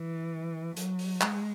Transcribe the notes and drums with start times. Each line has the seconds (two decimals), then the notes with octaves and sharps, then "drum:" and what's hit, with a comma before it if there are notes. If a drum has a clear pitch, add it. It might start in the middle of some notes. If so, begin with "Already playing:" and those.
Already playing: E3
0.76 F#3, drum: hi-hat
0.99 drum: open hi-hat
1.21 G#3, drum: clap